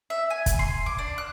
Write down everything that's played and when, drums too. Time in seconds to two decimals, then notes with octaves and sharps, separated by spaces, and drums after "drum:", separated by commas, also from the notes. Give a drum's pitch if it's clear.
0.10 E5
0.30 G#5
0.46 drum: kick, hi-hat
0.59 C6
0.86 D6
0.99 D4
1.18 F#6